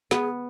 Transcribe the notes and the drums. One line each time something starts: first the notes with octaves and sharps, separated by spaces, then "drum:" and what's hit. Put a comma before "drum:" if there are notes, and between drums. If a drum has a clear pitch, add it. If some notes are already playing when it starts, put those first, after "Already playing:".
B3 G#4, drum: snare